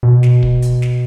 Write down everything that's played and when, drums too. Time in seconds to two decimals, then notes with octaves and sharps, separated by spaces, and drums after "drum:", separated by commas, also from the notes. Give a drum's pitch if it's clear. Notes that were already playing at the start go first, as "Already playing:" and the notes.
0.03 B2
0.23 drum: snare
0.43 drum: kick
0.62 drum: hi-hat
0.82 drum: snare